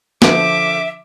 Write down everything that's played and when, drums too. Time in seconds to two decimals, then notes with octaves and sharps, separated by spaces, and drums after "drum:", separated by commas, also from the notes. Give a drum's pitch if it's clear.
0.22 D3 F3 E5 D6, drum: snare